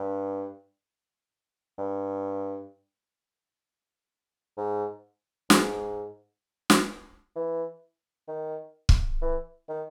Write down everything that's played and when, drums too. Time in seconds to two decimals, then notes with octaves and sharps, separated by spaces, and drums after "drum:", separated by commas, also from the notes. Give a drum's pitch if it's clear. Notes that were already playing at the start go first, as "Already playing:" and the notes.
Already playing: G2
1.78 G2
4.57 G#2
5.50 G#2, drum: snare
6.70 drum: snare
7.36 E3
8.28 D#3
8.89 drum: kick
9.22 E3
9.69 D#3